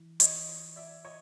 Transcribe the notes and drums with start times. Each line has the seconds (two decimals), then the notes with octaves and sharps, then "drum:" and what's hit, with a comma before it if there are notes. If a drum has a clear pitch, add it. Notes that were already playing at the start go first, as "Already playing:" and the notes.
Already playing: E3
0.20 C#5 D#5, drum: hi-hat
0.76 D5 E5
1.05 C#5 D#5